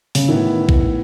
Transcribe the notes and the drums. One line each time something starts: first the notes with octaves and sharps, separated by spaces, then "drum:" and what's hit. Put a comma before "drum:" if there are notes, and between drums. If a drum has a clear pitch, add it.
C#3, drum: open hi-hat
A2 D#3 E3 B3 E4
drum: kick A#1